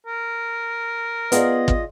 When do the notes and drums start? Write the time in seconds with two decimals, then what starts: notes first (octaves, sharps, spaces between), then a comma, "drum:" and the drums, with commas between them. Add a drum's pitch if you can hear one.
0.06 A#4
1.32 B3 F4 G#4 D5 D#5, drum: hi-hat
1.68 drum: kick